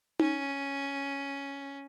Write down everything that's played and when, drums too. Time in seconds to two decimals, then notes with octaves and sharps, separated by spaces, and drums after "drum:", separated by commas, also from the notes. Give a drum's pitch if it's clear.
0.20 C#4, drum: tom D#4